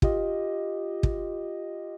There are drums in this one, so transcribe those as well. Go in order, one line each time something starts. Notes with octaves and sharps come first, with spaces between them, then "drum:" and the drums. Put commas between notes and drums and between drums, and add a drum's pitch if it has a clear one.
F4 G4 D#5, drum: kick
drum: kick